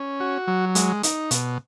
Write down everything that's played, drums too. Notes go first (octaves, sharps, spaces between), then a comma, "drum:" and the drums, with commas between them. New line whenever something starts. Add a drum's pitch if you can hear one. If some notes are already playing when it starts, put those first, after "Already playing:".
Already playing: C#4
F#4
F#3
G#3, drum: hi-hat
D#4, drum: hi-hat
B2, drum: hi-hat